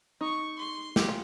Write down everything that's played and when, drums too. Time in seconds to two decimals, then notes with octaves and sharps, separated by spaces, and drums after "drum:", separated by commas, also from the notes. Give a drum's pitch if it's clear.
0.21 D#4 C#6
0.59 C6
0.96 G4, drum: snare
1.09 F4